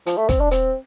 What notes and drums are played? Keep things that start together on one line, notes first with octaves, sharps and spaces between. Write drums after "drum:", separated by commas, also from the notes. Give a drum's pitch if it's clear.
F3, drum: hi-hat
A3
C4, drum: kick, hi-hat
D4
C4, drum: hi-hat